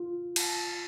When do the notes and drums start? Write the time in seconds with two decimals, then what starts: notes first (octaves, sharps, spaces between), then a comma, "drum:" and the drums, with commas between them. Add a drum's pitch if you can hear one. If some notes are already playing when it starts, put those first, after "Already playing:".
Already playing: F4
0.36 drum: cymbal